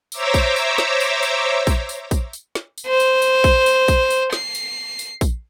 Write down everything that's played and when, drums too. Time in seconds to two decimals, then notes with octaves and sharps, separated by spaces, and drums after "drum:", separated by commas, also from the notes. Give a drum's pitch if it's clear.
0.12 C5 C#5 E5 A#5 D6 E6, drum: tambourine
0.34 drum: kick A#1, tambourine
0.56 drum: tambourine
0.78 drum: snare
1.00 drum: tambourine
1.23 drum: tambourine
1.67 drum: kick A#1, tambourine
1.89 drum: tambourine
2.11 drum: kick A#1, tambourine
2.33 drum: tambourine
2.55 drum: snare
2.78 drum: tambourine
2.87 C5
3.00 drum: tambourine
3.22 drum: tambourine
3.44 drum: kick A#1, tambourine
3.66 drum: tambourine
3.88 drum: kick A#1, tambourine
4.10 drum: tambourine
4.33 C7, drum: snare
4.55 drum: tambourine
4.99 drum: tambourine
5.21 drum: kick A#1, tambourine